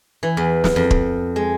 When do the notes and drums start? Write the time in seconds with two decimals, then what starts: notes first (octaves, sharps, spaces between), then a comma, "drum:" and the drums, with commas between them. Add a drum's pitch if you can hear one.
0.23 E3
0.37 E2
0.64 drum: snare
0.76 F2
0.91 drum: kick
1.36 G#3